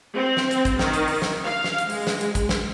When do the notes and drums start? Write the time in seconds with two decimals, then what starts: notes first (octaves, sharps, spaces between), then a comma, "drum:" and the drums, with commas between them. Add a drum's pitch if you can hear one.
0.15 C4
0.37 drum: snare
0.51 drum: hi-hat
0.65 drum: kick, hi-hat
0.79 D#3, drum: snare
0.94 drum: hi-hat
1.08 drum: open hi-hat
1.22 drum: snare
1.43 F5
1.64 drum: snare
1.78 drum: hi-hat
1.90 G#3, drum: open hi-hat
2.07 drum: snare
2.21 drum: hi-hat
2.35 drum: kick, hi-hat
2.49 drum: snare